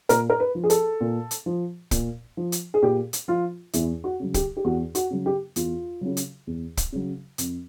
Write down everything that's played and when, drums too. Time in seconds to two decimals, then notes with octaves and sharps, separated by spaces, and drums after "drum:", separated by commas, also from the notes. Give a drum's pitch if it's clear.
0.09 A#2 A#4, drum: hi-hat
0.30 A#4
0.40 B4
0.55 F3
0.64 G#4
0.70 A4, drum: hi-hat
1.01 A#2
1.31 drum: hi-hat
1.46 F3
1.91 A#2, drum: kick, hi-hat
2.37 F3
2.52 drum: hi-hat
2.74 G#4
2.82 A#2 G4
3.13 drum: hi-hat
3.28 F3 F4
3.73 E2 E4, drum: hi-hat
4.04 F#4
4.20 C#3 F#3
4.34 G4, drum: kick, hi-hat
4.57 G4
4.65 E2 F#4
4.95 F#4, drum: hi-hat
5.10 C#3 F#3
5.26 G4
5.56 E2 F4, drum: hi-hat
6.01 C#3 F#3
6.17 drum: hi-hat
6.47 E2
6.77 drum: kick, hi-hat
6.92 C#3 F#3
7.38 F2, drum: hi-hat